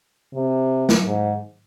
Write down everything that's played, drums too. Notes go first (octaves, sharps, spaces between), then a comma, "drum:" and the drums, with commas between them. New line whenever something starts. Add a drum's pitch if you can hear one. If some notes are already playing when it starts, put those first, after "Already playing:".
C3
drum: snare
G#2